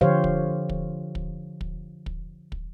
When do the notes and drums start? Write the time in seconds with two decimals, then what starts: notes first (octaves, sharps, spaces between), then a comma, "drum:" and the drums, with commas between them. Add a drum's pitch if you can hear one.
0.01 D3 F3 G4 C5 C#5 F5
0.24 drum: kick
0.69 drum: kick
1.15 drum: kick
1.61 drum: kick
2.06 drum: kick
2.52 drum: kick